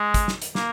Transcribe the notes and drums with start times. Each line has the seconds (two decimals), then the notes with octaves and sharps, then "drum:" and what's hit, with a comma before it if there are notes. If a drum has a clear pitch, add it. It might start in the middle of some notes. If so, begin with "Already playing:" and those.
Already playing: G#3
0.14 drum: kick, hi-hat
0.28 drum: snare
0.42 drum: hi-hat
0.55 A#3, drum: snare